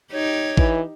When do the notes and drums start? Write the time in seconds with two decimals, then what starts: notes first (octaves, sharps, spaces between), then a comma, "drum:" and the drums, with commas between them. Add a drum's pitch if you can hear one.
0.12 D#4 G4 C#5
0.57 E3, drum: kick A1